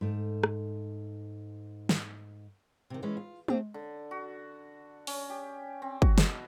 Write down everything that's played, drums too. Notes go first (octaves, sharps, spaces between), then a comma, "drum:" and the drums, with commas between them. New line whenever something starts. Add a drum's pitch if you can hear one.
G#2 A3
drum: rim click
drum: snare
C3 D#3
E3 G#3 C#4
F4
C4 D4 G#4, drum: tom
D3
F#4
C#4, drum: open hi-hat
G4
C4
F#4, drum: kick
B2, drum: snare